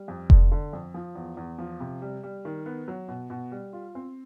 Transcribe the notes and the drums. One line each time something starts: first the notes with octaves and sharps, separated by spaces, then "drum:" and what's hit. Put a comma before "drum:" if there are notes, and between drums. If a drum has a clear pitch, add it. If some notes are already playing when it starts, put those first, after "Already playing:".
Already playing: G3
F2
D3, drum: kick F1
D3
F2
F3
E2
E2
F3
C3
G3
G3
D#3
B3
F#3
B2
B2
G3
F4
C4